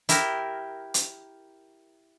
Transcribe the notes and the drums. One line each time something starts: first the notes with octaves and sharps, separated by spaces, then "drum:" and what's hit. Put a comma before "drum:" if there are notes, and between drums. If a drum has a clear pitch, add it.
E4 G4 A#4, drum: hi-hat
drum: hi-hat